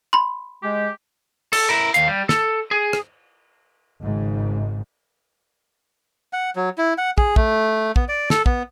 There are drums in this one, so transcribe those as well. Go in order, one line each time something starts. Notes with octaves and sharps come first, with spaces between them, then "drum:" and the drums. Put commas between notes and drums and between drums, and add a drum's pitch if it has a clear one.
B5 C6
G#3 G4
A4, drum: cymbal
E4 A#4
D#2 F5, drum: hi-hat
G3
A4, drum: snare
G#4
drum: rim click
G#1 G#2 C#3
F#5
F#3
E4
F#5
G#4, drum: kick
A3, drum: kick
B3, drum: kick
D5
A4, drum: snare
B3, drum: kick